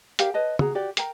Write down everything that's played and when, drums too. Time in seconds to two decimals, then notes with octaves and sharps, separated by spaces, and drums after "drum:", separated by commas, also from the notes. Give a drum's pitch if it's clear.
0.19 G4 A#4 D5 F5, drum: hi-hat
0.34 B4 C#5 D#5 A5
0.59 F#4 G#4 A#5, drum: tom
0.75 F#4 G4 D5
0.97 A#4 G5 A#5, drum: hi-hat